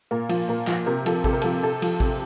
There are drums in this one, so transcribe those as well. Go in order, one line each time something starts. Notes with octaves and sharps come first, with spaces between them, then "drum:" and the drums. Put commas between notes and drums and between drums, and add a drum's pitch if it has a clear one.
A#2 A#4
F3, drum: cymbal
A#2 A#4
F3, drum: clap
C3 A#4
F3 A4, drum: cymbal
C3 A4, drum: kick A1
A#4
F3 A4, drum: cymbal
C3 A4
F3, drum: cymbal
C3, drum: kick A1